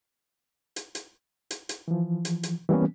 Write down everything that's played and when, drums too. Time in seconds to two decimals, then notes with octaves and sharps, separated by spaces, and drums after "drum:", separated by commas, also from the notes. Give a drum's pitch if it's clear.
0.76 drum: hi-hat
0.95 drum: hi-hat
1.51 drum: hi-hat
1.69 drum: hi-hat
1.88 E3 F3
2.25 drum: hi-hat
2.43 drum: hi-hat
2.69 E3 G3 A#3 B3 C#4